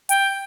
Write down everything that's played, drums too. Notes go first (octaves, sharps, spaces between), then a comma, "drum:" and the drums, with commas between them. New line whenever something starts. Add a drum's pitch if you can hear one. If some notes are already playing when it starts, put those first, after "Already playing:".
G5, drum: hi-hat